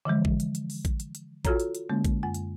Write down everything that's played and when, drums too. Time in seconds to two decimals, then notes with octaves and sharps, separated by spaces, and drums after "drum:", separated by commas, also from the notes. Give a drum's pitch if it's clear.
0.05 D3 E3 F3 G#3
0.25 drum: kick A1
0.40 drum: hi-hat
0.55 drum: hi-hat
0.70 drum: open hi-hat
0.85 drum: kick A1, hi-hat
1.00 drum: hi-hat
1.15 drum: hi-hat
1.45 F4 F#4 A4 C#5 A#5, drum: kick A1, hi-hat
1.60 drum: hi-hat
1.75 drum: hi-hat
1.89 D3 G#3 A#3 C#4
2.05 drum: kick A1, hi-hat
2.23 F#2 G#5
2.34 drum: hi-hat